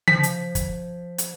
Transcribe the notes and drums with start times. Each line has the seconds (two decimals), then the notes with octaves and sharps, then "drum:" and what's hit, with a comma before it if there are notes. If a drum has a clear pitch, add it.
0.08 F3 B6, drum: tom C#3
0.23 drum: hi-hat
0.55 drum: kick, hi-hat
1.18 drum: hi-hat